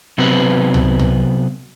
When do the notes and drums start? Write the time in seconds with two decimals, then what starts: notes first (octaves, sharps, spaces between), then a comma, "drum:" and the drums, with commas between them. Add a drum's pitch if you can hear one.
0.18 C3 F#3 B3 C4 B4
0.74 drum: tom
0.99 drum: tom